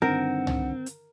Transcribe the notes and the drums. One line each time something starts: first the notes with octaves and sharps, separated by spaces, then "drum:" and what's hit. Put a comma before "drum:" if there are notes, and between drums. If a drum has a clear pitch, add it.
G2 D3 D#3 C4 A#4 F#5
drum: tom
drum: hi-hat